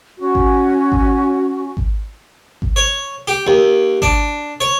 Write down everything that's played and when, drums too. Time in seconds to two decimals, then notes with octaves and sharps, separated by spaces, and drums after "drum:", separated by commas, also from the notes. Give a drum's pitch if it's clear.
0.18 C#4 F#4
0.35 drum: kick G#1
0.92 drum: kick G#1
1.77 drum: kick G#1
2.62 drum: kick G#1
2.76 C#5
3.28 G4
3.47 D#2
4.02 D4, drum: kick G#1
4.60 C#5